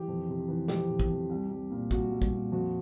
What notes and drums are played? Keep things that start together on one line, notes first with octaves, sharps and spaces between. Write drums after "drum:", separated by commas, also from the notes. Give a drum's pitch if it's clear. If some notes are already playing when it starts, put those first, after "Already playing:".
Already playing: E3 G4
F2
C3
E3
F2 G4, drum: snare
C3
drum: kick
F2
C2
C2
A#2
C2 F#4, drum: kick
C2
drum: kick
A#2
F2 F#4